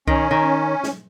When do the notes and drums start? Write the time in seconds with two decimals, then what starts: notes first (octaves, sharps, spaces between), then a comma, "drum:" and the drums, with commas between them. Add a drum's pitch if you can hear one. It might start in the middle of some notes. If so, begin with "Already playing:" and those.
0.07 D#3 C#4, drum: kick C2
0.31 D#3
0.83 drum: snare